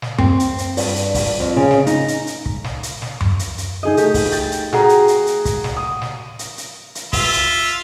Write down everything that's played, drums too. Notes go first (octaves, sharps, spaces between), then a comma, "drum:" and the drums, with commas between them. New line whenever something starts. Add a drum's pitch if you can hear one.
drum: snare
C4, drum: tom F#2
drum: hi-hat
drum: hi-hat
G2, drum: open hi-hat
drum: hi-hat
drum: kick, open hi-hat
F2
C#3
drum: snare
D#4, drum: hi-hat
drum: hi-hat
drum: hi-hat
drum: kick
drum: snare
drum: hi-hat
drum: snare
drum: tom F#2
drum: hi-hat
drum: hi-hat
D#4 G#4 D#5
A3 G4, drum: hi-hat
drum: kick, open hi-hat
G5 A6, drum: hi-hat
drum: hi-hat
F#4 G#4 A#5, drum: snare
drum: hi-hat
drum: hi-hat
drum: hi-hat
drum: kick, hi-hat
drum: snare
D#6
drum: snare
drum: hi-hat
drum: hi-hat
drum: hi-hat
F4 E5, drum: kick, open hi-hat
drum: hi-hat